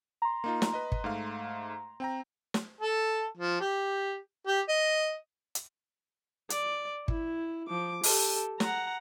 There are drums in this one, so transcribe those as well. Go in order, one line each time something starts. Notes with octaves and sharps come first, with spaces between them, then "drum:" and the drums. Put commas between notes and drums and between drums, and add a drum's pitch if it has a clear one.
A#5 C6
A#3 D#4 F4
drum: snare
B4 D#5
drum: kick
G#2 A3 F5
C4 G5 A#5
drum: snare
A4
F3
G4
G4
D#5
drum: hi-hat
D5, drum: hi-hat
E4, drum: kick
F3 D6
G4 A4, drum: open hi-hat
F#5 A#5, drum: snare